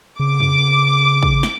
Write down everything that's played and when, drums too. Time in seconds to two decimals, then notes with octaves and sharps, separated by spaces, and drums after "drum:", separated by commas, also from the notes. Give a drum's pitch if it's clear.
0.20 C#3 D6
0.40 drum: tom
1.23 drum: kick
1.43 drum: snare